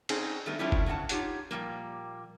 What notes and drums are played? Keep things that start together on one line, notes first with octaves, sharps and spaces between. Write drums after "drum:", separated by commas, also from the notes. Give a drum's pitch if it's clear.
C4 C#4 D#4 G#4 C5, drum: cymbal
D#3 G3 A3 B3 D4 D#4
F3 G3 A3 C#4 D4 E4
drum: kick
G2 C#3 F#4 F#5 A5
D#4 F4 G4 C#5 F#5, drum: hi-hat
A#2 F3 G3 A#3